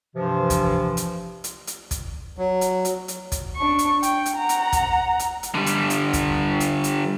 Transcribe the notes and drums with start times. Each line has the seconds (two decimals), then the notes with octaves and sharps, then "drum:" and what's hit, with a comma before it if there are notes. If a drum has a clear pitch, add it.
0.16 G2 C3 E3 F3
0.50 drum: kick, hi-hat
0.97 drum: hi-hat
1.44 drum: hi-hat
1.67 drum: hi-hat
1.91 drum: kick, hi-hat
2.38 F#3
2.61 drum: hi-hat
2.85 drum: hi-hat
3.08 drum: hi-hat
3.32 drum: kick, hi-hat
3.57 D4 C#6
3.79 drum: hi-hat
4.03 G5, drum: hi-hat
4.26 drum: hi-hat
4.37 F#5 A#5
4.49 drum: hi-hat
4.73 drum: kick, hi-hat
5.19 drum: hi-hat
5.43 drum: hi-hat
5.55 D3 G3
5.66 drum: hi-hat
5.90 drum: hi-hat
6.13 drum: kick, hi-hat
6.60 drum: hi-hat
6.84 drum: hi-hat